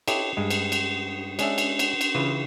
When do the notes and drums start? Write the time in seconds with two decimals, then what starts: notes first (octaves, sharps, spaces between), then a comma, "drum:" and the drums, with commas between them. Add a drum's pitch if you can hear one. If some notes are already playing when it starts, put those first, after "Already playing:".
0.08 E4 G4 A4 C#5 D#5, drum: cymbal
0.37 G2 G#3
0.50 drum: cymbal
0.72 drum: cymbal
1.39 G#3 C#4 D4 E5, drum: cymbal
1.58 drum: cymbal
1.79 drum: cymbal
2.01 drum: cymbal
2.15 C#3 E3 F4 B4